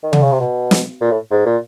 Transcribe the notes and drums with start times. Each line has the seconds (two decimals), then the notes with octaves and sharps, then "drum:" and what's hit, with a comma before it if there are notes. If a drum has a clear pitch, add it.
0.03 D#3
0.13 D3, drum: tom C3
0.22 C#3
0.32 C3
0.40 B2
0.71 drum: snare
1.01 A#2
1.11 A2
1.31 G#2
1.46 A#2